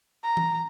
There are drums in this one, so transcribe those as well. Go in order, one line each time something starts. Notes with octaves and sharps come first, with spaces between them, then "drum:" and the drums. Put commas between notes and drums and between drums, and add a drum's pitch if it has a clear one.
A#5
drum: tom E3